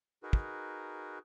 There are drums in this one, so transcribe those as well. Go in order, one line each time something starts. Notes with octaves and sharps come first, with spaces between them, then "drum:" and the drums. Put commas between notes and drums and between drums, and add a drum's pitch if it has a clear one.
D#4 F#4 G#4 A#4 B4
drum: kick